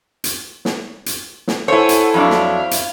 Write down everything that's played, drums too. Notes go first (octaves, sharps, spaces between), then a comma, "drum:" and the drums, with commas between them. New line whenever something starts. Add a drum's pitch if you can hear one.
drum: hi-hat
drum: snare
drum: hi-hat
drum: snare
E4 A4 C5 C#5 F#5 G#5
drum: hi-hat
F2 F#3 D4 E5 F5
drum: snare
drum: hi-hat